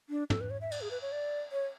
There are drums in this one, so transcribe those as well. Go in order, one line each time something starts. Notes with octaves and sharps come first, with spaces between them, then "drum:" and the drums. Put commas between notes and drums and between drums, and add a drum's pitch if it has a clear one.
D4
A4, drum: tom
B4
C#5
E5
D5, drum: cymbal
G#4
B4
C#5
D5
C#5